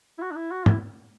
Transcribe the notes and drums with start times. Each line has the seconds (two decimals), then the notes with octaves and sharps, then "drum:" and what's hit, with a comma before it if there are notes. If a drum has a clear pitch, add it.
0.18 E4
0.22 F#4
0.31 D4
0.36 E4
0.51 F#4
0.66 E4, drum: tom